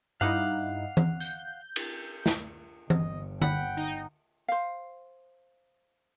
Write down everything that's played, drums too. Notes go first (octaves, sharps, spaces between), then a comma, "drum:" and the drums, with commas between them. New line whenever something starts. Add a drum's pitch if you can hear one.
G2 D#4 E4 F5 F#5 D6
drum: tom E3
G6, drum: tambourine
drum: cymbal
drum: snare
G1 D#5, drum: tom E3
F#5 G5 B5, drum: tom
D#4
C5 F5